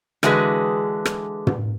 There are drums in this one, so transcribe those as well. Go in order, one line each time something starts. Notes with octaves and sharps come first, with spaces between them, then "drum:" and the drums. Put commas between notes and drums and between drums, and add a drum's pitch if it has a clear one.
D3 E3 G#3 F#4 G#4 B4, drum: rim click
drum: rim click
drum: tom